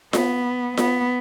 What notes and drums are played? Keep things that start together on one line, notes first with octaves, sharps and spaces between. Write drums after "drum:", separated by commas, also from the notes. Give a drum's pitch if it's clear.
B3, drum: snare F4
B3, drum: snare F4